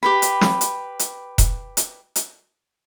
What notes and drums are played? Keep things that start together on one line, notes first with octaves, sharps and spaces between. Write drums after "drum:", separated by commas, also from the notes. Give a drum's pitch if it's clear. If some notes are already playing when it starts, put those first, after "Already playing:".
G4 B4 B5
drum: hi-hat
drum: snare
drum: hi-hat
drum: hi-hat
drum: kick E1, hi-hat
drum: hi-hat
drum: hi-hat